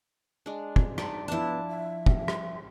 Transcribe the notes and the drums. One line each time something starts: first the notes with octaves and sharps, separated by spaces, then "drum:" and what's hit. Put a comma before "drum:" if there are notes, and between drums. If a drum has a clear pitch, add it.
G#3 D4
drum: kick
D#4 D5 A5, drum: rim click
F3 B3 D4 E4 A5
E5
drum: kick
drum: rim click